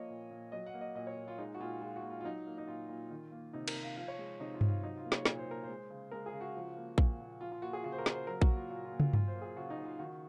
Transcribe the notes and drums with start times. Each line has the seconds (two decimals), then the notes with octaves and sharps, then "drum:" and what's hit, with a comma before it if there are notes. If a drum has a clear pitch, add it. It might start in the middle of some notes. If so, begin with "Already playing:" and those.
Already playing: F3 A#3 C#5 D#5
0.10 A#2
0.31 A#2
0.52 F#3 D#5
0.66 F#5
0.74 A#3
0.81 D#5
0.95 A#2 D#5
1.07 C#5
1.16 A#2
1.28 F4
1.38 G#3 D#4
1.54 F#4
1.60 A#2 F4
1.81 G#3 F4
1.96 F#4
2.03 A#2
2.10 F4
2.21 F4
2.25 F#3 D#4
2.47 A#3
2.58 D#4
2.67 A#2 F4
2.89 A#2
3.10 D#3
3.32 A#3
3.53 C3 D#4
3.68 A#4, drum: cymbal
3.76 C3
3.83 F5
3.97 F3 F5
4.08 C#5
4.19 G#3
4.40 C3 D#4
4.54 F4
4.61 C3, drum: tom G2
4.68 F4
4.83 F#3 D#4
4.98 F4
5.05 A#3
5.12 C#5, drum: snare
5.25 A#2 C#5, drum: snare
5.38 C5
5.47 A#2 A#4
5.64 C5
5.69 G#3
5.90 C#3
6.11 G#3 A#4
6.26 G#4
6.33 C#3
6.41 F#4
6.56 F3
6.77 A#3
6.98 A#2, drum: kick A#1
7.20 A#2
7.41 F3 F4
7.52 F4
7.62 A#3 F#4
7.73 G#4
7.84 C#3 F#4
7.92 C5
7.98 A#4
8.06 C#3, drum: snare
8.13 C5
8.27 F#3 A#4
8.42 F#4, drum: kick A#1
8.48 A#3
8.56 F4
8.70 A#2 F#4
8.85 F4
8.92 A#2
9.00 F4, drum: tom
9.13 F#3 F4, drum: tom G2
9.28 C5
9.34 A#3
9.42 G#4
9.56 C#3 F#4
9.70 D#4
9.79 C#3
9.85 F4
9.99 D#3 F#4